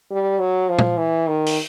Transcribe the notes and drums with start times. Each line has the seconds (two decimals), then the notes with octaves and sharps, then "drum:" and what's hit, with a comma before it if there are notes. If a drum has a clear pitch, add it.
0.11 G3
0.39 F#3
0.69 F3
0.79 drum: tom
0.98 E3
1.28 D#3
1.46 drum: open hi-hat